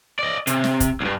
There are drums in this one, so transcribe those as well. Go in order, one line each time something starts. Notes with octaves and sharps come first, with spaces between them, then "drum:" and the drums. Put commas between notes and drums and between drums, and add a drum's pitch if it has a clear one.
D5 D#5
C3, drum: hi-hat
drum: snare
drum: kick, hi-hat
B1 G2